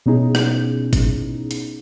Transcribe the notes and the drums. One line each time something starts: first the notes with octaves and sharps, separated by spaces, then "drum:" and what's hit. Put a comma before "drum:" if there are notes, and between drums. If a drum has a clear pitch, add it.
B2 B3 C#4 D#4 E4 G#4
drum: rim click
drum: kick, hi-hat
drum: hi-hat